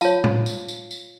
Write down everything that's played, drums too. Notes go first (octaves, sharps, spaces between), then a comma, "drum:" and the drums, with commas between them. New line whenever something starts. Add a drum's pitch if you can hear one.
F4 C#5 F5 A5, drum: tambourine
drum: tom A2
drum: tambourine
drum: tambourine
drum: tambourine